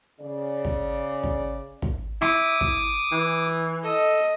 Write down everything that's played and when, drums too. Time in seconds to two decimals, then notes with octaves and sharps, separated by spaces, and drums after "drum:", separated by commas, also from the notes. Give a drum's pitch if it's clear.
0.21 C#3 D5
0.65 drum: kick
1.23 drum: kick
1.82 drum: kick
2.22 E4 D6 D#6, drum: rim click
2.61 drum: kick
3.12 E3
3.84 A4 D#5